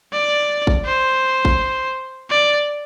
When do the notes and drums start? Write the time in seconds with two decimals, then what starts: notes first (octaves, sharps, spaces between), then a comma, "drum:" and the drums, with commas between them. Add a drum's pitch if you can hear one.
0.13 D5
0.67 drum: kick G#1
0.86 C5
1.45 drum: kick G#1
2.30 D5